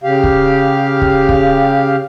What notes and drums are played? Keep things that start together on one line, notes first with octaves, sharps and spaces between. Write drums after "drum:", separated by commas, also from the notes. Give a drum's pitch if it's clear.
C#3 G4 F5
drum: kick
drum: kick
drum: kick